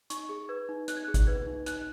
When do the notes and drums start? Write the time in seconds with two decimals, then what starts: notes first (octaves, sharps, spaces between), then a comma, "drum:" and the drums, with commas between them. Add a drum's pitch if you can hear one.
0.10 D#4 C#6, drum: hi-hat
0.29 G#4
0.49 B4 G#6
0.69 D#4
0.88 D#4 F#6, drum: hi-hat
0.97 G#6
1.05 G#4 F#6
1.14 drum: kick G#1, hi-hat
1.27 B4 G#6
1.47 D#4
1.66 D#4 F#6, drum: hi-hat